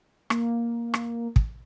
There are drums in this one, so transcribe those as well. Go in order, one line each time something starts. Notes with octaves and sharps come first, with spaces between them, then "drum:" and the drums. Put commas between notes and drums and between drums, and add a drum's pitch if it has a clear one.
A#3, drum: rim click
drum: rim click
drum: kick